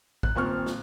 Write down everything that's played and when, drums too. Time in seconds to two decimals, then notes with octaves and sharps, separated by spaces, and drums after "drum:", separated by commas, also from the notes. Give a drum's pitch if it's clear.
0.23 F#6, drum: kick
0.36 D#1 C4 C#6 F6
0.66 drum: snare